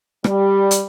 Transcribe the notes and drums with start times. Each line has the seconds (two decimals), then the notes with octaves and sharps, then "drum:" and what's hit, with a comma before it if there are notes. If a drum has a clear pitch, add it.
0.24 G3, drum: rim click
0.71 drum: hi-hat